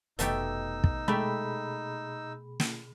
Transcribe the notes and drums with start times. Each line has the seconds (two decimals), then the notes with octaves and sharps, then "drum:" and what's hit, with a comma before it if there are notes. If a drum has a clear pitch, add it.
0.19 F1 B2 A3 D#4 G4 E6, drum: hi-hat
0.84 drum: kick
1.08 B2 G#3 A3 G4 G#4 B5
2.60 drum: snare